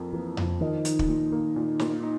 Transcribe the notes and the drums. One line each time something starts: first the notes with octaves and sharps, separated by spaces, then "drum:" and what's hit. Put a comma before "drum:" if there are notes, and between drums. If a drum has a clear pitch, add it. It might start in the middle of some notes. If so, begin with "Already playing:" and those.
Already playing: F2 F3 A#3
E3 A#3
F3, drum: tom F2
D#3 F3
D#4, drum: hi-hat
drum: kick
A#2
A#3
A#2
A#2, drum: snare
D#4